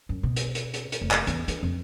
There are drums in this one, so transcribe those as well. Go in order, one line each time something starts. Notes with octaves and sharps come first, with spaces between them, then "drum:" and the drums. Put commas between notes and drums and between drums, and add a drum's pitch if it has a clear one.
F#2
B2
drum: hi-hat
drum: hi-hat
drum: hi-hat
drum: hi-hat
F1
drum: clap
E2, drum: hi-hat
D4, drum: hi-hat
F2